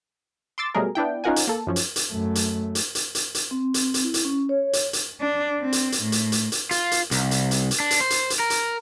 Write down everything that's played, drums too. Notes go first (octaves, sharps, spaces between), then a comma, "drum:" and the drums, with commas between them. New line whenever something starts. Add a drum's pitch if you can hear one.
C6 D6 E6 A6
B2 F#3 G3 A3 G#4 A#4
B3 D4 E4 G5
C#4 D#4 F4 A#4 F#5 G#5
drum: hi-hat
A#3 A4
F#2 F3 C#4
drum: hi-hat
drum: hi-hat
F#2 A3
drum: hi-hat
drum: hi-hat
drum: hi-hat
drum: hi-hat
drum: hi-hat
C4
drum: hi-hat
drum: hi-hat
E4
drum: hi-hat
C#4
C#5
drum: hi-hat
drum: hi-hat
D4
C4
drum: hi-hat
drum: hi-hat
A2
drum: hi-hat
drum: hi-hat
drum: hi-hat
F4, drum: hi-hat
drum: hi-hat
C2, drum: hi-hat
drum: hi-hat
drum: hi-hat
drum: hi-hat
D4
drum: hi-hat
C5
drum: hi-hat
drum: hi-hat
A#4
drum: hi-hat